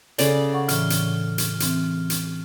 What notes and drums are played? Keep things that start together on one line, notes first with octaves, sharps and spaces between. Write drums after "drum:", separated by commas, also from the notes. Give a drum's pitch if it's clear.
C#3 A4 D5, drum: hi-hat
F#5 C#6
A2 E3 F6, drum: hi-hat
drum: hi-hat
drum: hi-hat
E3 C4, drum: hi-hat
drum: hi-hat